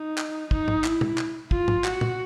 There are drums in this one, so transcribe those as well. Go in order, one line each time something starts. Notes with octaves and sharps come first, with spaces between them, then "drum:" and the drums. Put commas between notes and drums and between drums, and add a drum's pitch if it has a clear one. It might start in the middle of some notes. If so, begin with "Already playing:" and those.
Already playing: D#4
drum: clap
D#4, drum: kick
drum: tom
E4, drum: clap
drum: tom
drum: clap
F4, drum: kick
drum: tom
F#4, drum: clap
drum: tom